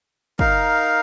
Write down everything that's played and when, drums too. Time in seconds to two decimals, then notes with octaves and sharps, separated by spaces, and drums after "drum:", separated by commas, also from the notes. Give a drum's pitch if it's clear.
0.39 D#4 A#4 F5, drum: kick